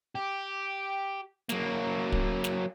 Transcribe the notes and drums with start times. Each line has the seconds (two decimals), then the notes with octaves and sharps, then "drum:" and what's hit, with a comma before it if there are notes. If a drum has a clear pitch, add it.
0.15 G4
1.49 F#3 A#3, drum: snare
2.12 drum: kick
2.44 drum: snare